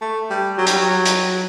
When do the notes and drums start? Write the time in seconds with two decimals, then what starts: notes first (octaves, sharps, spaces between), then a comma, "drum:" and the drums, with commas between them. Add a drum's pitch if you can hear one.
0.01 A3
0.30 G3
0.58 F#3
0.67 G3, drum: hi-hat
0.77 F#3
1.05 drum: hi-hat